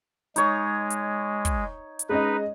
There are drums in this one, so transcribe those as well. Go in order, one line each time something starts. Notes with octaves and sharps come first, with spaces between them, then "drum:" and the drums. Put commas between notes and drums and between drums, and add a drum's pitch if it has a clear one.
G#3 D#4 C#5, drum: hi-hat
drum: hi-hat
drum: kick, hi-hat
drum: hi-hat
G#3 C#4 D#4 B4 D#5